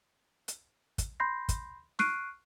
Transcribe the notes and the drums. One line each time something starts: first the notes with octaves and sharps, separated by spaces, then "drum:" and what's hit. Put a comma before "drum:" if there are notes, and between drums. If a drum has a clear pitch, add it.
drum: hi-hat
drum: kick, hi-hat
B5 C6 G6 A#6 C7
drum: kick, hi-hat
C#6 F6 F#6 C7 D7 D#7, drum: snare